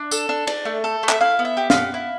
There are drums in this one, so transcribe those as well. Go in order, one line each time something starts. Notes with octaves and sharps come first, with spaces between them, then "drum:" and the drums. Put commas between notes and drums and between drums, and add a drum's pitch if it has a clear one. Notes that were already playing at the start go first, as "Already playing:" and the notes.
Already playing: D4
A4, drum: tambourine
D4
D4, drum: cymbal
A3
A4
A3
E5, drum: clap
E4 F5
B3
E5
G4
F5, drum: snare
B3
E4